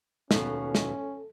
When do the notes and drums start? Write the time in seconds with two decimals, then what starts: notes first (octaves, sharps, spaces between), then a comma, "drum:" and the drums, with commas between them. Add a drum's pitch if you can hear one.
0.31 D#2 B2 C#4 A4, drum: snare
0.75 drum: snare